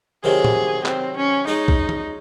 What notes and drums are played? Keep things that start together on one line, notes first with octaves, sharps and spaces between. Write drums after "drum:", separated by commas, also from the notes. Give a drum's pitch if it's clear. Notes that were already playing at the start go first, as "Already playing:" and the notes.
C3 D#3 F#3 G#4
drum: tom
C4, drum: clap
C#4
G#3 C#4 D#4 G#4
drum: kick B1
drum: tom